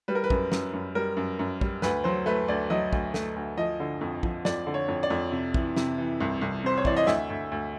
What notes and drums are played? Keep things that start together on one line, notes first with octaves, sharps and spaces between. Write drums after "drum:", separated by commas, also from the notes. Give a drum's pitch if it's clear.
G3 B4
A#4
B4
F#2, drum: kick
F#2, drum: snare
F#2
G3 A#4
F#2
F#2
G3, drum: kick
D2 B4, drum: snare
F#3 C5
A3 B4
D2 D5
F#3 D#5
D2, drum: kick
A3, drum: snare
D2
F3 D#5
D3
F2
F3, drum: kick
F2 D5, drum: snare
D3
C#5
F2
D5
F2
C3
E3, drum: kick
C3, drum: snare
E3
C2
C2
C3 C5
C#5
E3 D5, drum: kick
D#5
D2 E5, drum: snare
D2
D2